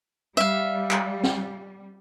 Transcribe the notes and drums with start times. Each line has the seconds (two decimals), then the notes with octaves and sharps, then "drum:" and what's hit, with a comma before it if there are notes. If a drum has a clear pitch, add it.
0.37 G3 E5 F5
0.91 drum: clap
1.23 drum: snare